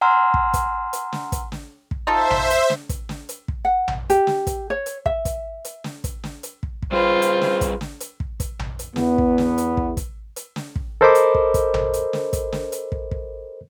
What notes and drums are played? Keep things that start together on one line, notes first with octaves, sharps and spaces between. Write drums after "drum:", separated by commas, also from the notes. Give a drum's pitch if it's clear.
F#5 G#5 A#5 C6 E6 F6
drum: kick
drum: kick, hi-hat
drum: hi-hat
drum: snare
drum: kick, hi-hat
drum: snare
drum: kick
D#4 F4 A4 C5 E5
drum: tom A#1
drum: hi-hat
drum: snare
drum: kick, hi-hat
drum: snare
drum: hi-hat
drum: kick
F#5
drum: tom A#1
G4, drum: hi-hat
drum: snare
drum: kick, hi-hat
C#5
drum: hi-hat
E5, drum: kick
drum: kick, hi-hat
drum: hi-hat
drum: snare
drum: kick, hi-hat
drum: snare
drum: hi-hat
drum: kick
drum: kick
G3 F4 G#4 B4 C5
drum: hi-hat
drum: snare
drum: kick, hi-hat
drum: snare
drum: hi-hat
drum: kick
drum: kick, hi-hat
drum: tom A#1
drum: hi-hat
E2 B3, drum: snare
drum: kick
drum: snare
drum: hi-hat
drum: kick
drum: kick, hi-hat
drum: hi-hat
drum: snare
drum: kick
A4 A#4 C5 D#5 B5 D6
drum: hi-hat
drum: kick
drum: kick, hi-hat
drum: tom A#1
drum: hi-hat
drum: snare
drum: kick, hi-hat
drum: snare
drum: hi-hat
drum: kick
drum: kick